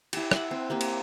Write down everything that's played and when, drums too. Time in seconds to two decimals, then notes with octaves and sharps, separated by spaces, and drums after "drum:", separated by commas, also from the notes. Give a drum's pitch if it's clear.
0.13 E4 G4, drum: cymbal
0.31 E5 F#5, drum: rim click
0.51 C4
0.70 A#3 C4 G4
0.81 drum: cymbal